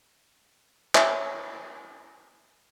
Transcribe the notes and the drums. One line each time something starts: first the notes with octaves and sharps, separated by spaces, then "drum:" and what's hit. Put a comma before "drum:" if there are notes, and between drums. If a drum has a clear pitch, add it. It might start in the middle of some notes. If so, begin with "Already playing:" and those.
C#5 E5, drum: clap